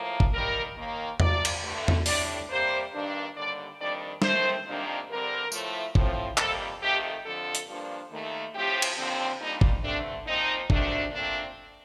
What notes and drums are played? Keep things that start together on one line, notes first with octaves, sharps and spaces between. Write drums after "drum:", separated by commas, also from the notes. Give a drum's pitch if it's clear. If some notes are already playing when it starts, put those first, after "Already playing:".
Already playing: A2 F3 A#3
drum: kick
D#2 D#3 G3 A#4
D#2 D#3 A#3
C3 F3 A#3 D5, drum: tom E2
drum: cymbal
G2 D3 A3
drum: tom E2
A2 G3 D4 D5, drum: open hi-hat
C3 G3 A#3 C5
G2 D#3 A#3 D4
D#2 D3 G3 D5
F2 D#3 G3 D4 D5
D#2 D#3 A3 C4 C5, drum: snare
F2 C3 D#3 A#3 D4
G2 D3 G3 C4 A#4
A2 F3 A3, drum: tambourine
A2 F3 C4, drum: kick
F2 C3 G3 A#3 A4, drum: clap
F2 D#3 A3 G4
F2 D3 F3 A4
drum: hi-hat
G2 F3 A#3 D4
D#2 D#3 A3
A2 F3 C4 G4
drum: cymbal
D#2 D3 F3 C4
A#2 G3 D4 D#4
drum: kick
G2 D3 A3 C4 D4
A#2 F3 C4 D#4
D2 C3 D#3 A3 D4, drum: kick
A#2 A3 C4 D4